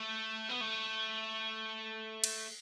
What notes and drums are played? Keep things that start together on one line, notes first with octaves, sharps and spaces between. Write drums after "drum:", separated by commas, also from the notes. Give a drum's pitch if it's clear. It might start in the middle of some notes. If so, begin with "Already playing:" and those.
Already playing: A3
B3
A3
drum: cymbal